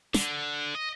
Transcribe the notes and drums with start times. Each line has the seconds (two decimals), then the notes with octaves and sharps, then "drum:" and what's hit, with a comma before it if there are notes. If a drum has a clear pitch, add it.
0.14 D3, drum: snare
0.75 D#5